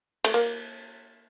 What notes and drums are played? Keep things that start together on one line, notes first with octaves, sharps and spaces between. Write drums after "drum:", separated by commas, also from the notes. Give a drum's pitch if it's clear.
A3, drum: cymbal
A#3